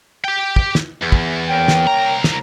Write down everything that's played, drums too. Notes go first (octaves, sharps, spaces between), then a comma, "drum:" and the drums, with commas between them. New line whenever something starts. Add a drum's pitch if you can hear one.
G4 G5
drum: kick
drum: snare
E2
drum: kick
A#3 C#4 G5
drum: snare
C2 A#5
drum: snare